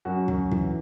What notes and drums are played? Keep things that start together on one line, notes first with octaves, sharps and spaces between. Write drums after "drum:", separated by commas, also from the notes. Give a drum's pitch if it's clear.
F#2 F#4
F#2, drum: kick
E3, drum: kick